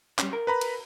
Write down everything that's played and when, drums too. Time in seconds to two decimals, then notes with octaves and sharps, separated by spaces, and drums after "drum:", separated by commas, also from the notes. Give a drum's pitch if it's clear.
0.19 G3 C#4, drum: clap
0.33 A#4
0.47 B4 A#5 B5
0.61 drum: cymbal